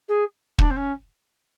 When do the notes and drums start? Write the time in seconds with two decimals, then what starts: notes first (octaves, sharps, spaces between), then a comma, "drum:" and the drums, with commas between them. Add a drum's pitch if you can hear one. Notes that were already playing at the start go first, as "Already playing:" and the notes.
0.08 G#4
0.58 D4, drum: kick
0.70 C4
0.76 C#4